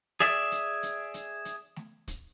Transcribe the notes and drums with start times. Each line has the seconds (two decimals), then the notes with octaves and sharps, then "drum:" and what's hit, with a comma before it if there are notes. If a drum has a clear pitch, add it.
0.20 G#4 D5 E5, drum: hi-hat
0.52 drum: hi-hat
0.83 drum: hi-hat
1.14 drum: hi-hat
1.45 drum: hi-hat
1.76 drum: snare A3
2.08 drum: kick, hi-hat